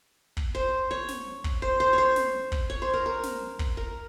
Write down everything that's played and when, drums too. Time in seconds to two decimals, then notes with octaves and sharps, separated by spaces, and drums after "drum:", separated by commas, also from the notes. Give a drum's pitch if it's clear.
0.37 drum: kick
0.55 C5
0.91 C#5
1.08 drum: snare
1.44 drum: kick
1.62 C5
1.80 C5
1.93 C#5
1.98 C5
2.16 drum: snare
2.52 drum: kick
2.70 C#5
2.82 C5
2.93 A#4
3.06 A#4
3.23 drum: snare
3.59 drum: kick
3.77 A#4